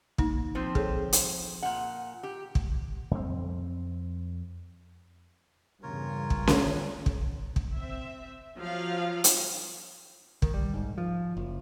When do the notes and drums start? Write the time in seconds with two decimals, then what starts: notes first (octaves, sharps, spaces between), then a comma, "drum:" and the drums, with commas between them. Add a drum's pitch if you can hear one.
0.18 A#3 D#4, drum: kick
0.55 F3 C4
0.75 G#4 A4 C#5, drum: kick
1.13 drum: hi-hat
1.63 A#2 F#5
2.23 G4
2.55 drum: kick
3.11 F2 C4
5.83 E2 G2 C#3 F4 A#4 C#5
6.30 drum: kick
6.47 drum: snare C#4
7.06 drum: kick
7.56 drum: kick
7.75 C4 E5
8.58 F3 F#3 F4 F5
9.24 drum: hi-hat
10.42 D#3, drum: kick
10.54 G3
10.74 G#2
10.98 F3
11.37 F#1